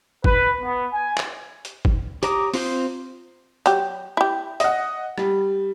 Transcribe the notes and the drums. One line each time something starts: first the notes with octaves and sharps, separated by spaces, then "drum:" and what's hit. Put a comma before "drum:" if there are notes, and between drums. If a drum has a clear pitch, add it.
B4, drum: kick
B3
G#5
drum: clap
drum: hi-hat
drum: kick
G4 C#5 A#5 D6 D#6, drum: hi-hat
C4 F4 C6 G6, drum: open hi-hat
F#3 G4, drum: hi-hat
E4 G4
D#5 F#5, drum: hi-hat
G3, drum: rim click